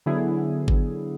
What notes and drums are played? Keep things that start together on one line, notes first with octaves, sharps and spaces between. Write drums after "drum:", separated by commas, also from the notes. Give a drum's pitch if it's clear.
D3 F#3 B3 E4 G#4
drum: kick G#1